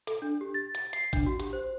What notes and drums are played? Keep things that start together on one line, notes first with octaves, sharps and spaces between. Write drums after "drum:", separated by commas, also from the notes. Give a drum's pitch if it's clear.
A4, drum: hi-hat
D4
G4
A6
A6, drum: hi-hat
C7, drum: hi-hat
D4, drum: kick, hi-hat
F#4
G4, drum: hi-hat
C5